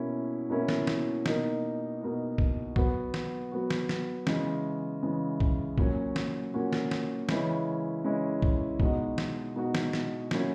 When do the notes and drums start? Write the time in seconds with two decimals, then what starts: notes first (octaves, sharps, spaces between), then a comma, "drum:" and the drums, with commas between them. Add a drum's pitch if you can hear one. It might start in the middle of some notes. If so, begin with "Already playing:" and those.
Already playing: B2 A#3 C#4 E4
0.50 B2 A#3 C#4 E4
0.68 drum: snare
0.87 drum: snare
1.26 B2 A#3 D#4, drum: snare
2.01 B2 A#3 D#4
2.38 drum: kick
2.76 F#3 B3 F#4, drum: kick
3.14 drum: snare
3.51 F#3 B3 F#4
3.70 drum: snare
3.89 drum: snare
4.27 C#3 E3 G#3, drum: snare
5.02 C#3 E3 G#3
5.40 drum: kick
5.78 A#2 F#3 C#4 F#4, drum: kick
6.16 drum: snare
6.54 A#2 F#3 C#4 F#4
6.73 drum: snare
6.91 drum: snare
7.29 C#3 E3 G#3 C#4 E4, drum: snare
8.04 C#3 E3 G#3 C#4 E4
8.42 drum: kick
8.80 B2 G#3 D#4 F#4, drum: kick
9.18 drum: snare
9.56 B2 G#3 D#4 F#4
9.75 drum: snare
9.93 drum: snare
10.31 A#2 F#3 C#4 E4, drum: snare